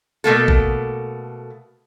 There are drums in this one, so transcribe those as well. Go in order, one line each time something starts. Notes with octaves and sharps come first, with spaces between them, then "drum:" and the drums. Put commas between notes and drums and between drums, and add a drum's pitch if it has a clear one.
B2 A3 A#3 A4
drum: kick A1